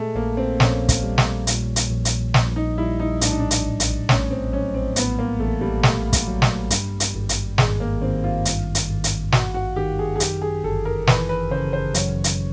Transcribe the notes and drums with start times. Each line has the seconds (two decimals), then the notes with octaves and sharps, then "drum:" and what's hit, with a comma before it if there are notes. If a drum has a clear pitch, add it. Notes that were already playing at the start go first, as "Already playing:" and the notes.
Already playing: A#2 G#3 A3
0.15 A#1 A#3
0.37 C4
0.60 A#1 C#4, drum: snare
0.89 drum: kick, hi-hat
1.03 G3
1.18 drum: snare
1.47 A#2, drum: hi-hat
1.76 drum: hi-hat
1.91 A#1
2.05 drum: hi-hat
2.34 A#1, drum: snare
2.56 D#4
2.78 G3 E4
3.00 D#4
3.21 A2 D4, drum: hi-hat
3.31 D#4
3.40 D4
3.51 drum: hi-hat
3.65 A1
3.80 drum: hi-hat
4.09 A3 C#4, drum: snare
4.30 C4
4.52 F#3 C#4
4.74 C4
4.96 A2 B3, drum: hi-hat
5.19 A#3
5.40 A1 A3
5.61 G3
5.83 A3, drum: snare
6.13 drum: kick, hi-hat
6.28 F#3
6.42 drum: snare
6.70 G2, drum: hi-hat
7.00 drum: hi-hat
7.15 G#1
7.29 drum: hi-hat
7.58 G#1 G#3, drum: snare
7.80 A#3
8.02 D#3 C4
8.24 F4
8.45 G2, drum: hi-hat
8.75 drum: hi-hat
8.89 G#1
9.04 drum: hi-hat
9.32 G#1 F#4, drum: snare
9.54 F#4
9.76 D#3 G4
9.99 G#4
10.16 G#4
10.20 F#2 G4, drum: hi-hat
10.42 G#4
10.64 G1 A4
10.85 A#4
11.07 E3 B4, drum: snare
11.29 B4
11.51 C#3 C5
11.73 C5
11.94 F#2 C#5, drum: hi-hat
12.24 drum: hi-hat